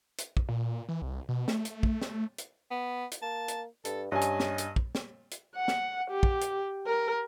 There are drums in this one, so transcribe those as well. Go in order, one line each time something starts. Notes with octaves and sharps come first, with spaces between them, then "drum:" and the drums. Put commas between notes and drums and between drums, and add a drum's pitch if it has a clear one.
drum: hi-hat
drum: kick
A#2
E3
C2
B2
A3, drum: snare
drum: hi-hat
drum: kick
drum: snare
drum: hi-hat
B3
drum: hi-hat
A#3 A5
drum: hi-hat
G2 A4, drum: hi-hat
G2 C#4 D#5 G#5
drum: hi-hat
drum: snare
drum: hi-hat
drum: kick
drum: snare
drum: hi-hat
F#5
drum: snare
G4
drum: kick
drum: hi-hat
A#4